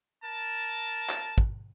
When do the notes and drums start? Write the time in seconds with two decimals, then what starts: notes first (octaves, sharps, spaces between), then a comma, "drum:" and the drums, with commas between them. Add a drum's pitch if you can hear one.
0.24 A#4 A5
1.09 drum: clap
1.38 drum: kick